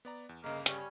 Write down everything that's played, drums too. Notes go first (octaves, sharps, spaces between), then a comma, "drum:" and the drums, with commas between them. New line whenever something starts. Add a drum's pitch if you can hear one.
B3 D5 A#5
E2
G1 C#3 G#3 A#3
G3 C#4, drum: hi-hat